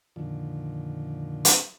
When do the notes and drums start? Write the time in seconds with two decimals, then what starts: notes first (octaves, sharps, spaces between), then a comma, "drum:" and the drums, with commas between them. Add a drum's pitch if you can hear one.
0.16 F2 A#2 D3 D#3 F3
1.45 drum: hi-hat